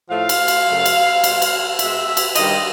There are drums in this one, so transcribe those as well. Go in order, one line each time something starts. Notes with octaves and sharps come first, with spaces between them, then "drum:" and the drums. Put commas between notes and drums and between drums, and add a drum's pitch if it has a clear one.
A2 F3 A3 F5
drum: cymbal
drum: cymbal
F#2 C#3 F#3 A3
drum: cymbal
B2 G3, drum: cymbal
drum: cymbal
B2 G#3 E5, drum: cymbal
drum: cymbal
G2 D#3 G3 D#5, drum: cymbal